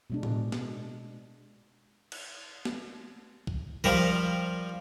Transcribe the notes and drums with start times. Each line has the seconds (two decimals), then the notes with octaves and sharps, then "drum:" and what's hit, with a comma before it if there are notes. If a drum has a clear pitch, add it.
0.10 B2 G#3 D4
0.23 drum: tom A2
0.52 drum: snare
2.12 drum: cymbal
2.65 drum: snare
3.47 drum: kick
3.84 F3 G3 A#4, drum: kick